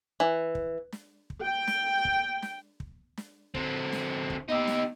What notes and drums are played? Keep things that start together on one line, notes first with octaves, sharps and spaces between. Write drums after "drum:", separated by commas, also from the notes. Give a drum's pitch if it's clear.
E3
drum: kick
drum: snare
drum: kick
G5
drum: snare
drum: kick
drum: snare
drum: kick
drum: snare
D3 C4, drum: kick
drum: snare
drum: kick
B3 D#4 G4 D#5 E6
drum: snare